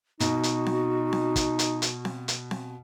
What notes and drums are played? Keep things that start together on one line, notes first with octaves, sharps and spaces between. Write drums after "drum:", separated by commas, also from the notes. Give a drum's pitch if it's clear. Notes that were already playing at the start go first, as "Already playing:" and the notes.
B2 D#4 F#4, drum: hi-hat
drum: hi-hat
drum: snare C4
drum: snare C4
drum: kick, hi-hat
drum: hi-hat
drum: hi-hat
drum: snare C4
drum: hi-hat
drum: snare C4